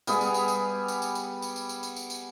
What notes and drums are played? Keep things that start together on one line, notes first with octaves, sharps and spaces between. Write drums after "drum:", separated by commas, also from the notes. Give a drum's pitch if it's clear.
G3 B3 G#4 G#5, drum: tambourine
drum: tambourine
drum: tambourine
drum: tambourine
drum: tambourine
drum: tambourine
drum: tambourine
drum: tambourine
drum: tambourine
drum: tambourine
drum: tambourine
drum: tambourine
drum: tambourine